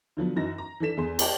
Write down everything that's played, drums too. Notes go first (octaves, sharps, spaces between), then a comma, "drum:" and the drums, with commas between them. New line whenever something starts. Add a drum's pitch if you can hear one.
D3 F3 F#3 B3
F#2 E3 D#4 F#4 A#6
A#5
E3 D4 A4 B6 E7
E2 G#4 C6
A#4 D5 D#5 G5 A5, drum: cymbal